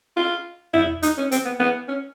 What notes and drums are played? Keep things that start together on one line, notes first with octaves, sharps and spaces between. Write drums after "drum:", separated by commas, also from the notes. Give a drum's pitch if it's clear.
F4
E4, drum: tom E2
D#4, drum: hi-hat
C#4
C4, drum: hi-hat
B3
B3
C#4